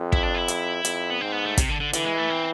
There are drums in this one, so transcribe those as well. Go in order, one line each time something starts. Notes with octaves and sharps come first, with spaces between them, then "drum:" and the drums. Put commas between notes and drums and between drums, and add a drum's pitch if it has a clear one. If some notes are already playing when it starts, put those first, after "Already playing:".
Already playing: F2
E4, drum: kick
D4
E4
drum: hi-hat
F2, drum: hi-hat
B3
G#2 C4
B3
A3
C3, drum: kick, hi-hat
D3
D3
D3 E3, drum: hi-hat
G#3
A3
C4